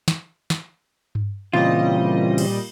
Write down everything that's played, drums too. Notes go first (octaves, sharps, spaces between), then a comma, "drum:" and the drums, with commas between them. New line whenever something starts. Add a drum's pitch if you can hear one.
drum: snare
drum: snare
drum: tom G2
A#2 C#3 E3 G3 C4 F4 D#5
drum: cymbal